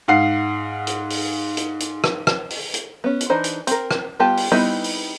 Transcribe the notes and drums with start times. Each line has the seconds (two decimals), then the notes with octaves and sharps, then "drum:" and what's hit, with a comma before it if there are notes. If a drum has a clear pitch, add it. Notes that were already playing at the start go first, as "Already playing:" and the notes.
0.08 G#2 F5 F#5 C7
0.87 drum: hi-hat
1.10 drum: open hi-hat
1.57 drum: hi-hat
1.80 drum: hi-hat
2.04 drum: rim click
2.27 drum: rim click
2.50 drum: open hi-hat
2.74 drum: hi-hat
3.04 B3 C#4
3.20 drum: hi-hat
3.30 E3 D4 D#4 C5
3.44 drum: hi-hat
3.67 C4 A#4, drum: hi-hat
3.91 drum: rim click
4.19 G3 B3 F4 G4 A5
4.37 drum: open hi-hat
4.52 G3 B3 C4 D#4 E4
4.84 drum: open hi-hat